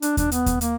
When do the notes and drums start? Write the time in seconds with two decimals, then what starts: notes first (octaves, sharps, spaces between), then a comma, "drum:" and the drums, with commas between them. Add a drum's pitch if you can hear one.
0.02 D4, drum: hi-hat
0.17 D4, drum: kick D#2, hi-hat
0.32 B3, drum: hi-hat
0.46 drum: kick D#2, hi-hat
0.61 A#3, drum: hi-hat